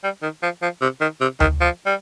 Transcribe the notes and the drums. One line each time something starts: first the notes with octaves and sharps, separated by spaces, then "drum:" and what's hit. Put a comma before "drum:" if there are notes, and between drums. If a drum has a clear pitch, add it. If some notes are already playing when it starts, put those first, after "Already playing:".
G3
D#3
F3
F3
C3
D#3
C3
D#3, drum: tom D2
F3
G3